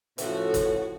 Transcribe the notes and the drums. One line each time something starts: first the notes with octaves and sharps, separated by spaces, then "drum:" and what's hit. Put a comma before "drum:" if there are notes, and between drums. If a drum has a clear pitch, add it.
A2 C#3 F3 F#4 A4, drum: hi-hat
drum: kick G1, hi-hat